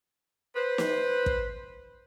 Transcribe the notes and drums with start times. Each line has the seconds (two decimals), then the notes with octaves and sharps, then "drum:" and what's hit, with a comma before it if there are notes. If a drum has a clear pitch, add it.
0.54 B4 C5
0.78 drum: snare
1.26 drum: kick